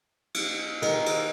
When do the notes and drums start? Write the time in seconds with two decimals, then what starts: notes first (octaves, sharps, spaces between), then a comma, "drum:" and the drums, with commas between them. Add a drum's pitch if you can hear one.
0.34 drum: cymbal
0.82 D#3, drum: cymbal
1.06 drum: cymbal